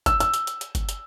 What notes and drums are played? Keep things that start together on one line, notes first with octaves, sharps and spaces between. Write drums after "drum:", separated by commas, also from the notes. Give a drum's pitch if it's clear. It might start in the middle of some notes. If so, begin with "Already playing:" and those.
E6, drum: kick G1, hi-hat
E6, drum: hi-hat
drum: hi-hat
drum: hi-hat
drum: hi-hat
drum: kick G1, hi-hat
drum: hi-hat